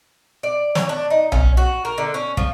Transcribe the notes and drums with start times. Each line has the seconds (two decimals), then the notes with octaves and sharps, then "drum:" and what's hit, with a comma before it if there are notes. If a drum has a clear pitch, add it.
0.43 D5
0.75 C#5, drum: snare
0.89 D4
1.10 D#4
1.32 C#4, drum: tom B1
1.57 F#4
1.85 A#4
1.98 D3
2.14 C#4
2.37 F3, drum: kick